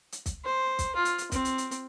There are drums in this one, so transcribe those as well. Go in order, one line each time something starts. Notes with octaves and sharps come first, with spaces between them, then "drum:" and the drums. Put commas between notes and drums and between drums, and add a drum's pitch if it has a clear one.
drum: hi-hat
drum: kick, hi-hat
C5
drum: kick, hi-hat
F4
drum: hi-hat
drum: hi-hat
C4, drum: kick, hi-hat
drum: hi-hat
drum: hi-hat
drum: hi-hat